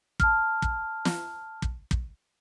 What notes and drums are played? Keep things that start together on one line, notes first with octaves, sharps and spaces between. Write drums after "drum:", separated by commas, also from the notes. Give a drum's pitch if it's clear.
A5 F6, drum: kick
drum: kick
drum: snare
drum: kick
drum: kick